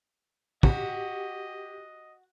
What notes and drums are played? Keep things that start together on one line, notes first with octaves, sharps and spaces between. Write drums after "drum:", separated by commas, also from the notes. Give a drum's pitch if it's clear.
F#4 G4 D#5, drum: kick